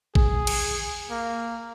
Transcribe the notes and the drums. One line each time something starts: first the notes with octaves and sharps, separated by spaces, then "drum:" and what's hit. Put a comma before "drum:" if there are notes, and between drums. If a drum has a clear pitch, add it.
G#4, drum: kick A1
drum: cymbal
A#3